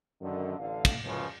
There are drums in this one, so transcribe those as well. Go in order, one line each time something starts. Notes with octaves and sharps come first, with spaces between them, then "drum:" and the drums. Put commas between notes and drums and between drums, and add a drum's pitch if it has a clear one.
F#2 D3 D#3
A1 D3 F5
drum: kick, cymbal
C#2 F#2 C#3 E3 F3 G#3